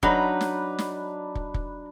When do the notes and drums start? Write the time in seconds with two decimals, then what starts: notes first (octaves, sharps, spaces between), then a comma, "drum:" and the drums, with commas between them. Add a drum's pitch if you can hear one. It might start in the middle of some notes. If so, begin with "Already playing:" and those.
0.03 F#3 D4 D#4 B4 A#5 B5, drum: kick
0.41 drum: snare
0.79 drum: snare
1.35 drum: kick
1.54 drum: kick